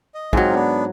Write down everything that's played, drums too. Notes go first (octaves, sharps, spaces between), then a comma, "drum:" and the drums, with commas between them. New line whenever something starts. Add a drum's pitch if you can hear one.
D#5
G#2 F#3 C4 D#4 F4, drum: kick
B3 D4